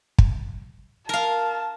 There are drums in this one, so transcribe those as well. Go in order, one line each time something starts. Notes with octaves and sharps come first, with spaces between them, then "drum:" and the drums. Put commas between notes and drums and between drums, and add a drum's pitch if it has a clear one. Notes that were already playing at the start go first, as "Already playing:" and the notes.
drum: kick
A#4 F5 A5